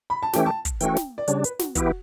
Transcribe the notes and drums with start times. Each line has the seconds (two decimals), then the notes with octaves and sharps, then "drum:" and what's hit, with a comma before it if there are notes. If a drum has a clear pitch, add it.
0.10 B5
0.23 A5
0.33 E3 A3 C#4 G4 G5, drum: snare
0.46 A5
0.65 drum: kick, hi-hat
0.81 E3 A3 C#4 F#4 G5, drum: hi-hat
0.96 drum: snare
1.18 D5
1.28 C#3 G3 D4 C#5, drum: hi-hat
1.44 B4, drum: hi-hat
1.59 F#4, drum: snare
1.75 E3 B3 E4 F#4 G4, drum: kick, hi-hat